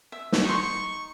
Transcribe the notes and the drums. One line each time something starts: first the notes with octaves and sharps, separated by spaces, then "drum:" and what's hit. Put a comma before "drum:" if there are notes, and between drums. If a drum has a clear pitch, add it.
E5
drum: snare
D#4 C6 C#6